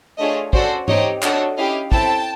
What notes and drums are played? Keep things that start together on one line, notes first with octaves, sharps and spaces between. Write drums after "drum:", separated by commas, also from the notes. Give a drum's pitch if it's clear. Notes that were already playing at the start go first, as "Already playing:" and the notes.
A3 D4 F4 G#4 C#5 D#5
C#4 F#4 A4 C5 D5, drum: kick
C4 D#4 G4 C#5 D#5, drum: tom G#2
D4 F#4 A4 C#5 D#5, drum: clap
C#4 E4 G4 D#5 F5
C4 E4 A4 G5 A5, drum: kick